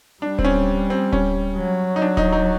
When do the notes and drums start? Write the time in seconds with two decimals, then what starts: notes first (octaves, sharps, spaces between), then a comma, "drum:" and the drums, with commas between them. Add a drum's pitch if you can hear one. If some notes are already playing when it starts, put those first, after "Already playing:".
0.22 G3 D4
0.39 C4, drum: kick D1
0.44 C#4
0.90 C4
1.12 C#4, drum: kick D1
1.57 F#3
1.96 D#4
2.02 D4
2.17 D#4, drum: kick D1
2.32 D#4